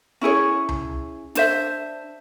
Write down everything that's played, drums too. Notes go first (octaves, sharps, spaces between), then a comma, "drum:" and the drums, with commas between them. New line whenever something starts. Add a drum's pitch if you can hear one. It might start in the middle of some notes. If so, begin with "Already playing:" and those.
C#4 E4 G#4 C#5
drum: tom C#2
D4 C5 E5, drum: hi-hat